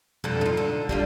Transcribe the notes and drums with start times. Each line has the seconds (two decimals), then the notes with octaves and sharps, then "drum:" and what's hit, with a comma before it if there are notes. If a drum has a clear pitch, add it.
0.24 F2 D3 G3, drum: tom B2
0.41 D#4 F4
0.57 D3
0.89 G3 D4 F4, drum: kick